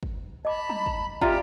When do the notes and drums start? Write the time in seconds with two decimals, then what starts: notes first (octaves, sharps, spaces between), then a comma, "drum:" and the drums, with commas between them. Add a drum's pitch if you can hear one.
0.03 drum: kick
0.45 D#5 A5 B5 D6
0.69 A#5, drum: tom F#3
0.86 drum: kick
1.21 F4 G4 D5 E5 A#5 C6, drum: kick